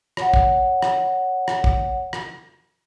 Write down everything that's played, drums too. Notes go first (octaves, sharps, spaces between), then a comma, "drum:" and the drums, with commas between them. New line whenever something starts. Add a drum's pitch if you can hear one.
C#5 F#5, drum: rim click
drum: kick
drum: rim click
drum: rim click
drum: kick
drum: rim click